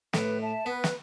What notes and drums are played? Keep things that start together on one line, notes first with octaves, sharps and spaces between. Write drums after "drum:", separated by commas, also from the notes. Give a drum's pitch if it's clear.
A2 B4, drum: snare
E5 A5
B3 B4
drum: snare